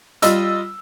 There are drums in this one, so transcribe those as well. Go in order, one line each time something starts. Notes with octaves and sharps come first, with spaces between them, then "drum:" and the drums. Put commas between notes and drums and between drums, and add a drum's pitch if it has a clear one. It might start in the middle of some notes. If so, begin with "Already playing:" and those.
G3 F4 D#5 E6, drum: hi-hat